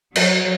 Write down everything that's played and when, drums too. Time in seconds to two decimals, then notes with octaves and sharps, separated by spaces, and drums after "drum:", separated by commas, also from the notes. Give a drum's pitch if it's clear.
0.16 F#3, drum: cymbal